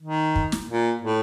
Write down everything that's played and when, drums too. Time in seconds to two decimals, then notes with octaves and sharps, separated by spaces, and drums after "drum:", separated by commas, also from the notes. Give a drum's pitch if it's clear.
0.02 D#3
0.36 drum: kick
0.52 drum: snare
0.69 A#2
1.02 A2